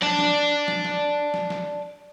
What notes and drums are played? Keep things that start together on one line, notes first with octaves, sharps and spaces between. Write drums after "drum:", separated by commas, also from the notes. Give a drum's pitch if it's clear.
D5 A5, drum: snare
drum: snare
drum: snare
drum: snare
drum: snare
drum: snare